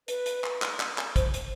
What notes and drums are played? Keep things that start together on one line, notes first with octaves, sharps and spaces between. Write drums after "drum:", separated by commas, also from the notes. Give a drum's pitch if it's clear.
B4, drum: hi-hat
drum: hi-hat
drum: clap
drum: clap
drum: clap
drum: clap
C5, drum: kick, hi-hat
drum: hi-hat